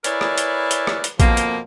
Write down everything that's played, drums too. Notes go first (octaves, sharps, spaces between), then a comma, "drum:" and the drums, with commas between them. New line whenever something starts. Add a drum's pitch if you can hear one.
E4 G#4 A#4 B4 C#5 D5, drum: hi-hat
drum: rim click
drum: hi-hat
drum: hi-hat
drum: rim click
drum: hi-hat
F2 B2 F3 A#3, drum: kick A#1, hi-hat
drum: hi-hat